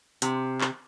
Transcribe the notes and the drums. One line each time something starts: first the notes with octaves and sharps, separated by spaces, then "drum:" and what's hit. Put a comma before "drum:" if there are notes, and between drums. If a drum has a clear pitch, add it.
C3, drum: hi-hat
drum: clap